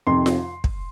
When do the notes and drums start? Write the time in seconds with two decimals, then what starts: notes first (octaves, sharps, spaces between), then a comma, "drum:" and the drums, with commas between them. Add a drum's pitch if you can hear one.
0.07 F2 C3 D#3 C6
0.26 drum: snare F4
0.64 drum: kick